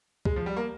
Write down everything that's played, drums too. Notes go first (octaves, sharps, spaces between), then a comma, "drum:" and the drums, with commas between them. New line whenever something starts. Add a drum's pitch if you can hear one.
G#3, drum: kick C#2
F3
G3
A#3